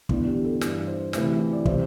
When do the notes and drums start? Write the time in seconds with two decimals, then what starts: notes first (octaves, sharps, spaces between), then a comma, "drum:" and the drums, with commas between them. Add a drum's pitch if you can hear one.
0.09 E2 D3 E4, drum: kick
0.27 G4
0.44 A4
0.61 G2 E3 D5, drum: snare
0.87 C5
1.13 D2 C3 E3 C5, drum: snare
1.39 E4
1.53 D5
1.65 C3 E3 C5, drum: kick